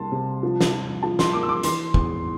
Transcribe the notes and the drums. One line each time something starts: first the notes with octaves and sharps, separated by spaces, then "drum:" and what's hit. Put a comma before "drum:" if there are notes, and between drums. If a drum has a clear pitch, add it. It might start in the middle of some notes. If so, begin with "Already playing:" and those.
Already playing: C2 A#3 A5 C6
C3
F3
drum: snare
F3
F3 A5
C6, drum: snare
A#3 D6
E6
D6
E3 C6, drum: hi-hat
E2, drum: kick